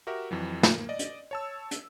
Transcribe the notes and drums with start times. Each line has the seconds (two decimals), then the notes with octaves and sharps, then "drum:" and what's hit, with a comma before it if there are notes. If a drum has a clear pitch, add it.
0.07 F#4 G4 A#4 E5
0.31 F2 E3 F#3
0.63 A#3, drum: snare
0.89 D5 D#5
0.99 drum: hi-hat
1.31 C#5 A5 E6
1.71 drum: hi-hat